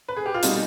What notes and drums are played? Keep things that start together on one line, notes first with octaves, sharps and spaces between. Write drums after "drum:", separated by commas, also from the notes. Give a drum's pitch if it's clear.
B4
G#4
G4
F4
B2 G3 D#4, drum: hi-hat